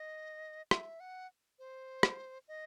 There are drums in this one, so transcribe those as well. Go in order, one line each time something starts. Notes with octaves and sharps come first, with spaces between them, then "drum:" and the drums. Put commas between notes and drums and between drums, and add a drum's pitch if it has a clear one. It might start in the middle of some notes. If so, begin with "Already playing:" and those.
Already playing: D#5
E5, drum: rim click
F#5
C5
drum: rim click
D#5